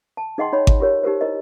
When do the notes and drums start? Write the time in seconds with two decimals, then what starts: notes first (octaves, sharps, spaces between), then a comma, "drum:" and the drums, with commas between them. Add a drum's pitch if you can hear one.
0.17 A5
0.38 D#4 G#4 D#5 F#5 G5 C6
0.53 D#4 C#5 B5
0.67 drum: kick G#1
0.80 F4 G4 A#4 C#5
1.04 D#4 G4 A#4 C5
1.21 E4 A#4 D#5